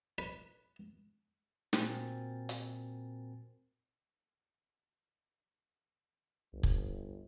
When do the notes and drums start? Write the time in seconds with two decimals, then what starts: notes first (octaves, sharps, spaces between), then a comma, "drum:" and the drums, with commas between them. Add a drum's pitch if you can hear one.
0.18 B4
1.73 A#2 C4 F#4 A#4 G#5 A6, drum: snare
2.49 drum: hi-hat
6.53 G1 C2
6.63 drum: kick